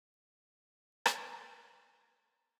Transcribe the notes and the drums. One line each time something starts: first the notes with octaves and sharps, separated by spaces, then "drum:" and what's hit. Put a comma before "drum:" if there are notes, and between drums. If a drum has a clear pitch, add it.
G#5, drum: rim click